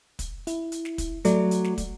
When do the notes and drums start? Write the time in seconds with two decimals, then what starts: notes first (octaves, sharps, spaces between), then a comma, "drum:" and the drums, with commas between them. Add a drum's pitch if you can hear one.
0.19 drum: kick, hi-hat
0.47 E4, drum: hi-hat
0.72 drum: hi-hat
0.85 drum: snare
0.98 drum: kick, hi-hat
1.25 F#3 A3 D5, drum: hi-hat
1.51 drum: hi-hat
1.64 drum: snare
1.78 drum: kick, hi-hat